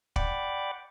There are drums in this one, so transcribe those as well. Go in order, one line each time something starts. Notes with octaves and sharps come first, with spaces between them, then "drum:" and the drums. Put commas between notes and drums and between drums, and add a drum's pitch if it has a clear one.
D5 F#5 G5 B5 D6, drum: kick